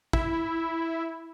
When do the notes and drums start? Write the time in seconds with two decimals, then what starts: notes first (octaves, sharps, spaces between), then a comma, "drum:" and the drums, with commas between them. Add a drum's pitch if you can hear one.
0.13 E4, drum: kick